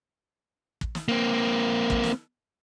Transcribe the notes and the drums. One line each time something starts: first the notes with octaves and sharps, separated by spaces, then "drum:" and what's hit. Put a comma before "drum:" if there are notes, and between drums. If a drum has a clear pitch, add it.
drum: kick
drum: snare
A#3 C4
drum: kick
drum: snare